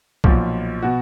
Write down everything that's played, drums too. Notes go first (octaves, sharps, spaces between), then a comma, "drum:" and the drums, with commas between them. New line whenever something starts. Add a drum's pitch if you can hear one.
B1 A#2 F3 F4, drum: kick
B2 F#4